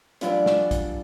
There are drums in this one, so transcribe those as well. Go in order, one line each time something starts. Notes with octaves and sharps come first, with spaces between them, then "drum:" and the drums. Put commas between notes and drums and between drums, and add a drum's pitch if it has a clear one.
E3 F#3 G3 D4 F4 E5, drum: hi-hat
drum: snare
drum: kick, hi-hat